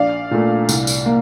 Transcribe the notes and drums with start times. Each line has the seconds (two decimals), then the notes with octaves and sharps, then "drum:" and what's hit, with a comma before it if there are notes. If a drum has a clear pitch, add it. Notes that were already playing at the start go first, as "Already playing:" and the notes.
Already playing: A#1 D5 F5
0.31 A#2 A3
0.69 C2, drum: tambourine
0.87 drum: tambourine
1.06 A#3